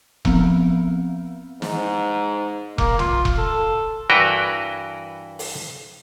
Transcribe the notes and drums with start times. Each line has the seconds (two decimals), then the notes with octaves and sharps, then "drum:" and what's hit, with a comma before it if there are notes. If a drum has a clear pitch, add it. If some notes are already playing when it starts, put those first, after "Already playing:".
0.25 F3 B3 C4, drum: kick E1
1.62 G#2, drum: snare
2.78 A#3, drum: kick E1
2.99 F4, drum: tom B1
3.25 drum: kick E1
3.38 A4
4.10 G2 E3 F#4 A#4 B4 G5
5.39 drum: open hi-hat